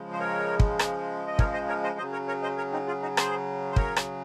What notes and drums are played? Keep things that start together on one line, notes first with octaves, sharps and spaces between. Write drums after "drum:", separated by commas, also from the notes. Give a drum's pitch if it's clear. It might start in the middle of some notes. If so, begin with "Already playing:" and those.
Already playing: C#3 F3 G#3
C5
A#4 C#5
drum: kick
drum: rim click
D#5
A#4 C#5, drum: kick
C5 D#5
A#4 C#5
C5 D#5
C#3 F#3 C5 D#5
A#4 C#5
A#4 C#5
C5 D#5
A#4 C#5
C4 D#4
F4 G#4
D#4 F#4
G#4 C5, drum: rim click
C5
A#4 C#5, drum: kick
drum: rim click